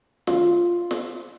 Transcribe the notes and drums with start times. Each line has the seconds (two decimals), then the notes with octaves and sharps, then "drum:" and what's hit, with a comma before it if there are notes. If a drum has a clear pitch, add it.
0.27 F4, drum: snare
0.91 drum: snare